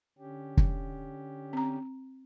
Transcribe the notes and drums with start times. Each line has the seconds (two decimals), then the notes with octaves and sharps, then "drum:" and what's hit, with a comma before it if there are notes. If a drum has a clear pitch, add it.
0.18 D3 C#4 G4
0.57 drum: kick
1.53 C4 A#5